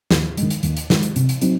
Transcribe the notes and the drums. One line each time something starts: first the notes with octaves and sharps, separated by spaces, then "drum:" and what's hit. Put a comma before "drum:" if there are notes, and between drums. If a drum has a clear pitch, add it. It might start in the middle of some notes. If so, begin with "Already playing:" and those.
D#2, drum: snare
D#3 G#3, drum: hi-hat
drum: hi-hat
D#2, drum: hi-hat
drum: hi-hat
D#3 G#3, drum: snare
drum: hi-hat
C3, drum: hi-hat
drum: hi-hat
F#3 C4 D#4, drum: hi-hat